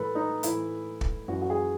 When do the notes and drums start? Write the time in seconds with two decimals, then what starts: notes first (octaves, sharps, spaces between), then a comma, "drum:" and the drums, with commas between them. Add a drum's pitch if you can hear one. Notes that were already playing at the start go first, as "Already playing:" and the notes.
Already playing: A2 E3 A4 B4
0.15 D#4
0.43 A2 E3 E4, drum: hi-hat
1.01 drum: kick
1.28 F#2 E3 F#4
1.42 F#4
1.50 G#4